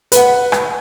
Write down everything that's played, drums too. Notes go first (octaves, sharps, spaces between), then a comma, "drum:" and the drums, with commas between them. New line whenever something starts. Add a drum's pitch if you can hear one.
B4 F#5, drum: hi-hat
drum: rim click